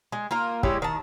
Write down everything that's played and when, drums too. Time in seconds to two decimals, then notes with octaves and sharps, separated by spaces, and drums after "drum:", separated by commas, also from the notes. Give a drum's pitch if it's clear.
0.12 G#3
0.31 A#3 F4 A#4
0.63 G#3 E4 G4 C#5, drum: kick
0.82 D#3 A5